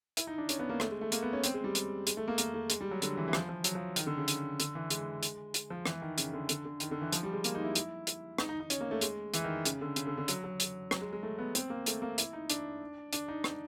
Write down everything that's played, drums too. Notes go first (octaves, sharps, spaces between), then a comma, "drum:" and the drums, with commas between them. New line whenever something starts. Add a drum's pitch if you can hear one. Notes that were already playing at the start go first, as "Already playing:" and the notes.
E4, drum: hi-hat
D#4
D4
C#4, drum: hi-hat
B3
A#3
A3, drum: rim click
G#3
A3
A#3, drum: hi-hat
B3
C#4
C4, drum: hi-hat
G#3
G3
drum: hi-hat
G#3, drum: hi-hat
A3
A#3
A#3, drum: hi-hat
A3
G#3, drum: hi-hat
G3
F#3
D3, drum: hi-hat
E3
E3
F3, drum: rim click
F3
F#3, drum: hi-hat
F3
D#3, drum: hi-hat
D3
C#3
drum: hi-hat
D3, drum: hi-hat
E3
G#3, drum: hi-hat
drum: hi-hat
drum: hi-hat
F3
E3, drum: rim click
D#3
C#3, drum: hi-hat
D3
D3, drum: hi-hat
D3
D#3, drum: hi-hat
D3
E3
F3, drum: hi-hat
G3
G#3
A#3, drum: hi-hat
D#4
E4
drum: hi-hat
drum: hi-hat
D#4, drum: rim click
D#4
D#4
C#4, drum: hi-hat
A#3
A3
G#3, drum: hi-hat
E3, drum: hi-hat
D#3
C#3, drum: hi-hat
D3
C#3, drum: hi-hat
D3
D3
F#3, drum: hi-hat
F#3
drum: hi-hat
F#3, drum: rim click
G#3
G#3
A3
B3
C4, drum: hi-hat
A#3
A3, drum: hi-hat
A#3
E4, drum: hi-hat
D#4
D4, drum: hi-hat
D4, drum: hi-hat
D#4
drum: rim click